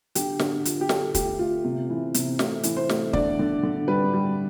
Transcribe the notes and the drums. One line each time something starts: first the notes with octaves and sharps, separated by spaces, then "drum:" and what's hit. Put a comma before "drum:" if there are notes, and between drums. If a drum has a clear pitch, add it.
D3 G4, drum: hi-hat
D3, drum: snare
F3, drum: hi-hat
G4
D3 A4, drum: snare
A3 G4, drum: kick, hi-hat
A3 F4
C3
E3
C3, drum: hi-hat
A3, drum: snare
E3, drum: hi-hat
C5
A3, drum: snare
D3 D5, drum: kick
D3
D3
G3 B4
G3